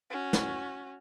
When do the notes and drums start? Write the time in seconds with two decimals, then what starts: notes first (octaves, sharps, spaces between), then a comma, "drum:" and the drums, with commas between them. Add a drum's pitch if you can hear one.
0.10 C#4 F#4
0.33 drum: snare